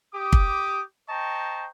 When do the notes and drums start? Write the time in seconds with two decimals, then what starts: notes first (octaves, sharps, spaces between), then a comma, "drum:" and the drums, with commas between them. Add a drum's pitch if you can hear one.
0.14 G4 D6 D#6
0.33 drum: kick
1.09 C5 D#5 G5 A5 A#5 C#6